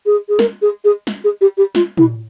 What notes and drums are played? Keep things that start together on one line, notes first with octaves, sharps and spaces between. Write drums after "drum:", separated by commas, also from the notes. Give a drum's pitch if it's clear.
G#4
G#4
A#4, drum: snare
G#4
G#4
drum: snare
G#4
G4
G4
F4, drum: snare
E4, drum: tom